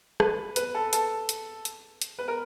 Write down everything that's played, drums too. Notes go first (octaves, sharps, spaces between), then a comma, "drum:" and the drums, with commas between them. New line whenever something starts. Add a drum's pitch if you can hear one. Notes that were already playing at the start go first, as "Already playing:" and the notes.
B4, drum: rim click
B4, drum: hi-hat
A4
A4, drum: hi-hat
drum: hi-hat
drum: hi-hat
drum: hi-hat
B4
A#4